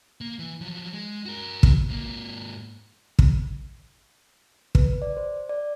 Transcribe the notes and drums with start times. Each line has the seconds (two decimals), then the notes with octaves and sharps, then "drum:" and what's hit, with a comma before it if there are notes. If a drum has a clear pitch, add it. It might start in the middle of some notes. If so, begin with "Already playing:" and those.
0.21 A#3
0.39 E3
0.61 F3 F#3
0.92 G#3
1.26 F#4 A#4
1.63 drum: kick
1.89 G#2 A#3
3.19 drum: kick
4.75 B4, drum: kick
5.02 D5
5.17 C5
5.49 D5